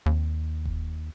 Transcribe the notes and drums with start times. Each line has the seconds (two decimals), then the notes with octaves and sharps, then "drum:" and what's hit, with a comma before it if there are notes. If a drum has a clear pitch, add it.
0.06 D#2, drum: tom C4
0.65 drum: kick E1